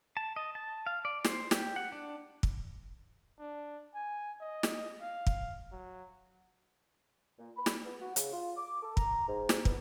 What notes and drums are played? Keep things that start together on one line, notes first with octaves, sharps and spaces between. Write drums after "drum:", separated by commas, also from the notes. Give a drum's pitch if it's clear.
A5
D#5
A5
F5
D5
C5, drum: snare
G4, drum: snare
F#5
D4
drum: kick
D4
G#5
D#5
drum: snare
F5
drum: kick
F#3
A#2
B5
drum: snare
B3
F#4
C#3, drum: hi-hat
F4
D6
A4
A#5, drum: kick
G#2
drum: snare
B3, drum: kick